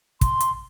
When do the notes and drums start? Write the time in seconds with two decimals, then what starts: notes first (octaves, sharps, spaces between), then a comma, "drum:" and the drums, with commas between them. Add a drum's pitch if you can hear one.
0.21 C6, drum: kick, hi-hat
0.40 drum: hi-hat